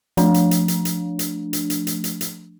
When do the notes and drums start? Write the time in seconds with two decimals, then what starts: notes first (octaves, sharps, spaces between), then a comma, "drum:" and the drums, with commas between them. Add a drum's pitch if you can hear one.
0.17 F3 A3 D4, drum: hi-hat
0.34 drum: hi-hat
0.51 drum: hi-hat
0.68 drum: hi-hat
0.85 drum: hi-hat
1.19 drum: hi-hat
1.53 drum: hi-hat
1.70 drum: hi-hat
1.87 drum: hi-hat
2.04 drum: hi-hat
2.21 drum: hi-hat